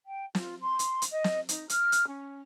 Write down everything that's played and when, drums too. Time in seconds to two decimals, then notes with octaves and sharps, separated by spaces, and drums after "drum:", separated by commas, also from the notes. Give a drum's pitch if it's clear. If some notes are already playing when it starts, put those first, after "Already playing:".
0.05 G5
0.35 F4, drum: snare
0.61 C6
0.79 drum: hi-hat
1.02 drum: hi-hat
1.11 D#5
1.24 drum: snare
1.49 D#4, drum: hi-hat
1.69 F6, drum: hi-hat
1.92 drum: hi-hat
2.07 C#4